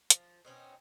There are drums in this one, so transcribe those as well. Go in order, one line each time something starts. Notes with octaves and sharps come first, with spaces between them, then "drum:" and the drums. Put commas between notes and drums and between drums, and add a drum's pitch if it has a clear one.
F3, drum: hi-hat
B2 C4 C#4 D#4